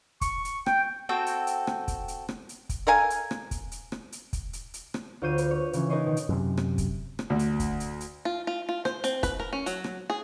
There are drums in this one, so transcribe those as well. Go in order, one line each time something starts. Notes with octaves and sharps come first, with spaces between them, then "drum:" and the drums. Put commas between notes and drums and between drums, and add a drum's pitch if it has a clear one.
C#6, drum: kick, hi-hat
drum: hi-hat
G5, drum: rim click
C4 F#4 A4 G5
drum: hi-hat
drum: hi-hat
drum: rim click
drum: kick, hi-hat
drum: hi-hat
drum: rim click
drum: hi-hat
drum: kick, hi-hat
A4 A#4 F5 G#5
drum: hi-hat
drum: rim click
drum: kick, hi-hat
drum: hi-hat
drum: rim click
drum: hi-hat
drum: kick, hi-hat
drum: hi-hat
drum: hi-hat
drum: rim click
D2 F4 C5 C#5 G6 D#7
B4, drum: hi-hat
C#5
C#3 E3, drum: hi-hat
D#4 A#4 B4 C#5 D#5 C6
B2 D#3
drum: hi-hat
F#2 C3
drum: rim click
drum: kick, hi-hat
drum: rim click
D2
drum: hi-hat
drum: kick, hi-hat
drum: hi-hat
drum: hi-hat
F4
F4
F4
C5, drum: rim click
C4, drum: hi-hat
B4, drum: kick, hi-hat
A#4
C#4
F#3, drum: hi-hat
drum: rim click
G#4